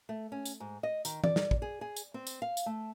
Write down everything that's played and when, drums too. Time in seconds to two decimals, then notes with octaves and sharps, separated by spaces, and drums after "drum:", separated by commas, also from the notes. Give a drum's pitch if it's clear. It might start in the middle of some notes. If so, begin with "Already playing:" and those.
0.09 A3
0.32 C#4
0.45 drum: tambourine
0.60 G#2
0.83 D#5
1.05 D#3, drum: tambourine
1.24 D5, drum: tom E3
1.36 drum: snare
1.51 drum: kick
1.62 G#4
1.81 G#4
1.96 drum: tambourine
2.14 C4
2.27 drum: tambourine
2.42 F5
2.57 drum: tambourine
2.66 A3